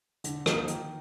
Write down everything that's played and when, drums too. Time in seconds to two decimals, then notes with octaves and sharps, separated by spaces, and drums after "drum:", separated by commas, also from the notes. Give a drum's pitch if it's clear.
0.24 D3, drum: hi-hat
0.46 F3 A#3 D#4, drum: rim click
0.68 D#3, drum: hi-hat